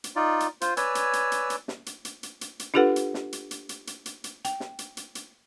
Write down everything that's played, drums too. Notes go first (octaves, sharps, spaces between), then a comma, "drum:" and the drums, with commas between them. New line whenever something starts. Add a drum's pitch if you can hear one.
drum: hi-hat
D#4 F4 D5
drum: hi-hat
F4 C5, drum: hi-hat
B4 C#5 D5 G#5 E6, drum: hi-hat
drum: hi-hat
drum: hi-hat
drum: hi-hat
drum: hi-hat
drum: snare
drum: hi-hat
drum: hi-hat
drum: hi-hat
drum: hi-hat
drum: hi-hat
D4 F4 G4 A4 B4 F#5
drum: hi-hat
drum: snare
drum: hi-hat
drum: hi-hat
drum: hi-hat
drum: hi-hat
drum: hi-hat
drum: hi-hat
G5, drum: hi-hat
drum: snare
drum: hi-hat
drum: hi-hat
drum: hi-hat